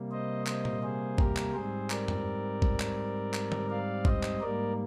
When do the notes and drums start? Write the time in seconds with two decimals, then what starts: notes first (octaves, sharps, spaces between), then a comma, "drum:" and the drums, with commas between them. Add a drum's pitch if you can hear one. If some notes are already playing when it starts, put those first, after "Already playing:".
Already playing: C3 G3 A#3
0.11 C5 D#5
0.47 C5 D#5, drum: clap
0.65 drum: tom A#2
0.83 G#4 C5
1.18 G4 A#4, drum: kick
1.37 drum: clap
1.54 G#2 G3 C4 G#4 C5
1.90 A#4 D5, drum: clap
2.08 drum: tom F2
2.62 drum: kick
2.80 drum: clap
3.34 drum: clap
3.52 drum: tom D3
3.70 D5 F5
4.05 C5 D#5, drum: kick
4.23 drum: clap
4.41 G#2 G3 A#3 A#4 D5